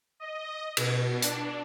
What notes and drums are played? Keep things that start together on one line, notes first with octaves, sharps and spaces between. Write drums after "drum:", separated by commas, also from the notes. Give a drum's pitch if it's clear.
D#5
B2, drum: cymbal
D4, drum: hi-hat